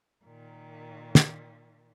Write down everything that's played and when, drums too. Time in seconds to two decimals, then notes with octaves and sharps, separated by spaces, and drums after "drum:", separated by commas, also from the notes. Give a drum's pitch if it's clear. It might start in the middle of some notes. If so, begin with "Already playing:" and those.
0.25 A#2 D#3
1.15 drum: snare